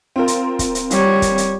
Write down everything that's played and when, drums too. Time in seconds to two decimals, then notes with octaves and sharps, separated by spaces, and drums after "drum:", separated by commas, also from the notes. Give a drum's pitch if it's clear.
0.16 C4 F4 A#4
0.28 drum: hi-hat
0.59 drum: kick, hi-hat
0.75 drum: hi-hat
0.91 G3 C#5, drum: hi-hat
1.22 drum: kick, hi-hat
1.38 drum: hi-hat